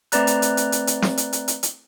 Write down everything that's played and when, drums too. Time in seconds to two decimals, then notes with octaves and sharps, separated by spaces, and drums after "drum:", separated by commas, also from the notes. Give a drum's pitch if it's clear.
0.12 A3 C4 B4 D5 A#5 F#6, drum: hi-hat
0.27 drum: hi-hat
0.42 drum: hi-hat
0.57 drum: hi-hat
0.72 drum: hi-hat
0.87 drum: hi-hat
1.02 drum: snare
1.17 drum: hi-hat
1.33 drum: hi-hat
1.48 drum: hi-hat
1.63 drum: hi-hat